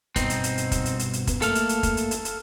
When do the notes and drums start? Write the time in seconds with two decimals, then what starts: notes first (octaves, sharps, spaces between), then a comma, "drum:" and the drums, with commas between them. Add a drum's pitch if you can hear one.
0.16 G2 B2 B3 C4 D#4, drum: kick, hi-hat
0.30 drum: hi-hat
0.44 drum: hi-hat
0.58 drum: hi-hat
0.72 drum: kick, hi-hat
0.85 drum: hi-hat
0.99 drum: hi-hat
1.13 drum: hi-hat
1.27 drum: kick, hi-hat
1.42 A3 A#3 A4 F5, drum: hi-hat
1.55 drum: hi-hat
1.69 drum: hi-hat
1.83 drum: kick, hi-hat
1.97 drum: hi-hat
2.11 drum: hi-hat
2.25 drum: hi-hat